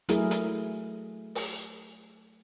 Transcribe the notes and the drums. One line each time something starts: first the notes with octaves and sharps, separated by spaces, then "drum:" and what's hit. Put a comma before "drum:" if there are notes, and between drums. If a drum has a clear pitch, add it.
F#3 A3 E4 G#4 A#4, drum: hi-hat
drum: hi-hat
drum: open hi-hat